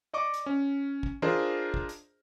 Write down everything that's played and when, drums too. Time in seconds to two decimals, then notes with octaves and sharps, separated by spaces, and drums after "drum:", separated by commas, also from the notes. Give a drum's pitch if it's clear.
0.13 D5 D#5 C#6 D6
0.34 drum: hi-hat
0.46 C#4
1.03 drum: kick
1.22 D4 F4 G#4 A#4 C5 D#5, drum: tom
1.74 drum: kick
1.89 drum: hi-hat